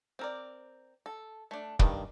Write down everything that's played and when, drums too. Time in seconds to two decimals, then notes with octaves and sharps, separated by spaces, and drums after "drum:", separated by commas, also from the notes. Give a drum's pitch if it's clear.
0.19 C4 A#4 D5
1.06 A4
1.51 A3 D4
1.79 G2 D#3 D4, drum: kick